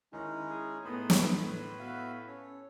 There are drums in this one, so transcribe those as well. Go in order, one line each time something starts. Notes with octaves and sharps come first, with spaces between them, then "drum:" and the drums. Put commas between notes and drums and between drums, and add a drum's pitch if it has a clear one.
D#3 G#3 C#4 D#4 E4
G#4
A2 A3 B3 D#4 G#4 B5 C6
drum: snare
A2 D3 B4
B3 F#4 E5 F5
C#4 A4 C#5